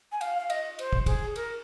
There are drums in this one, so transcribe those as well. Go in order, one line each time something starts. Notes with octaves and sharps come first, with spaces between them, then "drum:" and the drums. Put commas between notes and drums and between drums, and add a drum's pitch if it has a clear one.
G#5
F5, drum: cymbal
F5
D#5, drum: cymbal
C5, drum: cymbal
drum: kick
G#4, drum: kick, cymbal
A#4, drum: cymbal